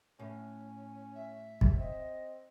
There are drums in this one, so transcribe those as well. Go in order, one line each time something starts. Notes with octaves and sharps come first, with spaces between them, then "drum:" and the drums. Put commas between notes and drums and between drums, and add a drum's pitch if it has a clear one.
A2 C#4
E5
drum: kick
C4 D#5